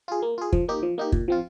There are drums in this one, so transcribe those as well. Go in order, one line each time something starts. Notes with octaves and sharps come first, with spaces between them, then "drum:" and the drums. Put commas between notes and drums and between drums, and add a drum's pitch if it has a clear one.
F4 G#4
A#3
F4 G#4
F3, drum: kick
A#3 D#4 G4
F3
A#3 D#4 G4
A#2, drum: kick
F3 C4 F4